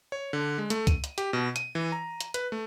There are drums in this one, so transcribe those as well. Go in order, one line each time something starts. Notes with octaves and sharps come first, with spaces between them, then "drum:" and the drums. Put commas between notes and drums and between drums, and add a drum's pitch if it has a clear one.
C#5
D3
G#3
A3, drum: hi-hat
D#7, drum: kick, hi-hat
drum: hi-hat
G4, drum: hi-hat
B2
D#7, drum: hi-hat
E3
A#5
drum: hi-hat
B4, drum: hi-hat
A3